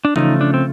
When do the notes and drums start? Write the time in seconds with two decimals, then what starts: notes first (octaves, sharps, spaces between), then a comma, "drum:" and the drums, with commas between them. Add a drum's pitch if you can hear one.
0.05 D4
0.16 C#3 F3 A3 D#4, drum: tom E3
0.41 D4
0.54 C4